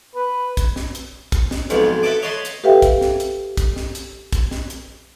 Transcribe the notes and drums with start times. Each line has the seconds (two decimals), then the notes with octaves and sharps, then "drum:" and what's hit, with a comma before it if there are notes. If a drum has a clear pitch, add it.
0.15 B4
0.57 drum: kick, hi-hat
0.76 drum: snare
0.95 drum: hi-hat
1.32 drum: kick, hi-hat
1.51 drum: snare
1.70 B1 F2 G#2 B2, drum: hi-hat
2.03 A4 E5 F#5 A5 D6
2.22 C#5 D#5 F#5 A5 B5 C6
2.45 drum: hi-hat
2.64 G4 A4 B4 E5 F5 G5
2.82 drum: kick, hi-hat
3.01 drum: snare
3.20 drum: hi-hat
3.57 drum: kick, hi-hat
3.76 drum: snare
3.95 drum: hi-hat
4.33 drum: kick, hi-hat
4.51 drum: snare
4.70 drum: hi-hat